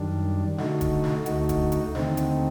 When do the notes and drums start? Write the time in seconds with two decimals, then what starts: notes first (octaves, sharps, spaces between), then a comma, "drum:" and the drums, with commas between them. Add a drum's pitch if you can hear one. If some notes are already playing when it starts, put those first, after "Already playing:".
Already playing: F#2 D#3 G3 D4
0.58 D3 A3 D#4 F#4, drum: snare
0.81 drum: kick, hi-hat
1.04 drum: snare
1.26 D2 D3 A3 D#4 F#4, drum: hi-hat
1.49 drum: kick, hi-hat
1.72 drum: hi-hat
1.95 D#2 D3 A3 C4 D#4, drum: snare
2.17 drum: hi-hat